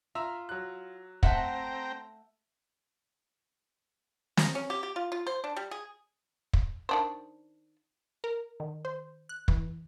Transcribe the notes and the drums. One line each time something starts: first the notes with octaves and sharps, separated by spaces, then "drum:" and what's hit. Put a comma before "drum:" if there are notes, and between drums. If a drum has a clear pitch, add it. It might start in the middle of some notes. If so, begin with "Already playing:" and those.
F4 E5 A#5 E6
F#3 F#6
A3 C4 E5 F#5 G5 A#5, drum: kick
D#4, drum: snare
C#4
G4
G4
F4
F4
C5
D4
G3
G#4
drum: kick
D#3 D4 C5
A#4
D#3
C5
F#6
E3, drum: kick